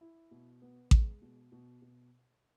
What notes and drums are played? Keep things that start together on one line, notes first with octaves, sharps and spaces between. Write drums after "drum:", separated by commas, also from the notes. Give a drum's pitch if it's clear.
E4
B2
B3
G#3, drum: kick A1
B2
B2
B2